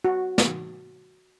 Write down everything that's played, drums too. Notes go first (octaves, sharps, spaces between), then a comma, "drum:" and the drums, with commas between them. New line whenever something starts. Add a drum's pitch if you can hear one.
F#4
drum: snare